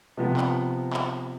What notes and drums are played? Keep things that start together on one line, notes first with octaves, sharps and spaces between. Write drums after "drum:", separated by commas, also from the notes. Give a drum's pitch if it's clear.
C3 F3 B3
drum: clap
drum: clap